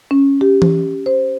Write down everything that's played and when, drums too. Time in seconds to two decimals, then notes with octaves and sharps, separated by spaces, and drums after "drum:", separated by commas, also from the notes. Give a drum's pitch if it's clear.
0.11 C#4
0.41 G4
0.62 drum: tom E3
1.06 C5